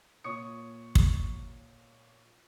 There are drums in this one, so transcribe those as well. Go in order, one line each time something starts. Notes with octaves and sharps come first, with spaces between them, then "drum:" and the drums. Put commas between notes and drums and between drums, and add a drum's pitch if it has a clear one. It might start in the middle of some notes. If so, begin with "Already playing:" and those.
A#2 C#5 C#6 D#6 C#7
drum: kick